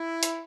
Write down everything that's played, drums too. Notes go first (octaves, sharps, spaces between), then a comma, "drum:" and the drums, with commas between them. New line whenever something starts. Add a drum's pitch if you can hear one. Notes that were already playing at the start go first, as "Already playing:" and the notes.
Already playing: E4
drum: hi-hat